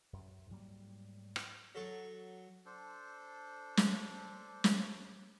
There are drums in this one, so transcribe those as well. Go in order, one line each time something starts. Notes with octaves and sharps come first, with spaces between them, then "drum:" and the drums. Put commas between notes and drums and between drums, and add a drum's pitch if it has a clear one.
F#2
G#2 F#3 G3 A#3
drum: rim click
F#3 A4 C#6
D4 A4 C5
drum: snare
drum: snare